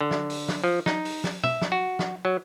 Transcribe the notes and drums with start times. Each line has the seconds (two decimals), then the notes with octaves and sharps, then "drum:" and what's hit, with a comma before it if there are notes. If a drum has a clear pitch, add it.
0.01 D3
0.11 drum: snare
0.30 drum: open hi-hat
0.49 drum: snare
0.64 F3
0.86 D#4, drum: snare
1.05 drum: open hi-hat
1.24 drum: snare
1.44 E5, drum: tom
1.62 drum: snare
1.72 F#4
1.99 drum: snare
2.25 F#3